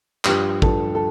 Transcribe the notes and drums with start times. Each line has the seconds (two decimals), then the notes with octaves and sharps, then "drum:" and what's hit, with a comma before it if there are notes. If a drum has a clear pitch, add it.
0.25 G2 F3 G4, drum: clap
0.62 G2 F3 A4, drum: kick
0.95 A4